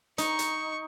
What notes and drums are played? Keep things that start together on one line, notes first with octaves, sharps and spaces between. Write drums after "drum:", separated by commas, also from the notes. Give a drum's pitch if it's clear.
D#4 C#6, drum: hi-hat
drum: hi-hat